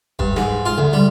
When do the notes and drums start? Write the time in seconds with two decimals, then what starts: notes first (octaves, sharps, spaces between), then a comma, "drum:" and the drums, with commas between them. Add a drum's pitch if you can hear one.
0.19 G2, drum: kick
0.36 G#2, drum: snare
0.66 F4
0.78 D2
0.93 G3